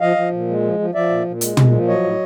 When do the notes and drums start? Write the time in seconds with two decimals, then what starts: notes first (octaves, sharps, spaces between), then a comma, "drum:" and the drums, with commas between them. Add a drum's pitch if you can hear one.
0.01 F3 D#5 F5
0.16 F3
0.32 A#2
0.48 G#3
0.63 F3
0.79 F3
0.95 F3 D5 E5
1.10 A#2
1.26 A#2
1.41 G#3, drum: hi-hat
1.57 A#2, drum: tom
1.72 F3
1.88 F#3 C#5 D#5
2.04 A2